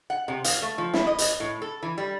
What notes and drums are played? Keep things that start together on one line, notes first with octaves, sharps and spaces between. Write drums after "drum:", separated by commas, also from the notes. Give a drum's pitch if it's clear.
F#5
C3
F5, drum: hi-hat
A3
F3
E4, drum: snare
D#5
drum: hi-hat
A2
A4
E3
G3